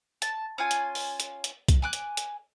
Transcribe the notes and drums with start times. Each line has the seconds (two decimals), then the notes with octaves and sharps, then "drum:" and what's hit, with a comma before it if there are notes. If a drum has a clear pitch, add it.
0.22 A5, drum: hi-hat
0.58 C#4 F4 G#5
0.71 drum: hi-hat
0.95 drum: open hi-hat
1.20 drum: hi-hat
1.44 drum: hi-hat
1.68 drum: kick C2, hi-hat
1.82 G#5 D6 F#6
1.93 drum: hi-hat
2.17 drum: hi-hat